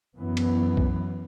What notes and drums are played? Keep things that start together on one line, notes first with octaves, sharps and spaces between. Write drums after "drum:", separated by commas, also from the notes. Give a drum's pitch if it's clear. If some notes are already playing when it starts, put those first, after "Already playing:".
F#2 E3 B3
drum: cymbal
drum: kick B1